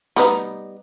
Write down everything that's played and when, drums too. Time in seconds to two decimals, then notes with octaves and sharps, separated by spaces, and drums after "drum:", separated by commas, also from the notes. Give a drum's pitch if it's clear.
0.16 G3 B3 D#4, drum: snare